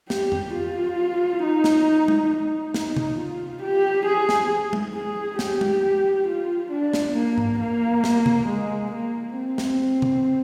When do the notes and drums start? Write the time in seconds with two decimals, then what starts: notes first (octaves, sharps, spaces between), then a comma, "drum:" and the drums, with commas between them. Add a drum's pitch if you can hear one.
0.10 G4, drum: snare
0.32 drum: tom F2
0.54 F4
1.43 D#4
1.64 drum: snare
2.08 drum: tom G#3
2.30 D#4
2.74 drum: snare
2.96 drum: tom C3
3.18 F4
3.63 G4
4.06 G#4
4.29 drum: snare
4.73 drum: tom G#3
4.94 G#4
5.39 G4, drum: snare
5.61 drum: tom G#3
6.28 F4
6.72 D4
6.94 drum: snare
7.15 A#3
7.38 drum: tom G#2
7.60 A#3
8.04 drum: snare
8.26 drum: tom C3
8.48 G#3
8.91 A#3
9.37 C4
9.58 drum: snare
10.02 drum: tom C3